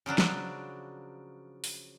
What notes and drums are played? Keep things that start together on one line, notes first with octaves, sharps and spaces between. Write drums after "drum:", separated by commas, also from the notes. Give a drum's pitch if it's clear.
C#3 F3 F#3 D4
drum: snare
drum: open hi-hat